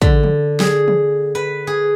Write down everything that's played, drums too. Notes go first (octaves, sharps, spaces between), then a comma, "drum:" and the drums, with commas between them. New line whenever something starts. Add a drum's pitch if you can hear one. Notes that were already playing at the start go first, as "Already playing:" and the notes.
D3, drum: kick
drum: tom
G#4, drum: snare
drum: tom
B4
G#4